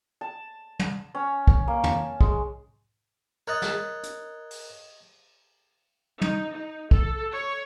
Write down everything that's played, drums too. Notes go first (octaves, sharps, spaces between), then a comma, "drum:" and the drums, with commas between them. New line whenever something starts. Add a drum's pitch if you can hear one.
A5
drum: tom
C#4
drum: kick
A#3
A5, drum: tom
G#3, drum: kick
A#4 C#5 D#5 F#6 A6
drum: snare
drum: hi-hat
drum: open hi-hat
D#4, drum: tom
D#4
A4, drum: kick
C#5